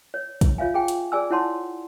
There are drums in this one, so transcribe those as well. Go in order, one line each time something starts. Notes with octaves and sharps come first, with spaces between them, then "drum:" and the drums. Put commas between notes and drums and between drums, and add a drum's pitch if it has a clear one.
C#5
drum: kick, hi-hat
F4 C#5 E5 F5 G#5
G#4 G5 G#5
drum: hi-hat
G#4 D5 G#5 E6
E4 F4 C#5 F#5 A5 C6